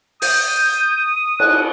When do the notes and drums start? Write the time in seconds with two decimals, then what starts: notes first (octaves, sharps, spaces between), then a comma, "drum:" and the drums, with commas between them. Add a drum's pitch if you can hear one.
0.22 D#6 G6, drum: open hi-hat
1.40 F#6, drum: cymbal